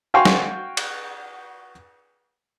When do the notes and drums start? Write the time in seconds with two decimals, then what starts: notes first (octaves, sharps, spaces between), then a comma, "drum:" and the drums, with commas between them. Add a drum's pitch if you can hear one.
0.14 F#4 F5 G5 G#5 C6 C#6
0.25 drum: snare
0.77 drum: cymbal